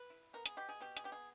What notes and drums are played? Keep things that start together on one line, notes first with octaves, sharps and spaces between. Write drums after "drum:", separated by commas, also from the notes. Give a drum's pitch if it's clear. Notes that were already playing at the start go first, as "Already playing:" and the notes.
Already playing: B4
E4
B3 A#4
G#4, drum: hi-hat
B2 G4
G#4
B2 G4
G#4, drum: hi-hat
B3 G4
G#4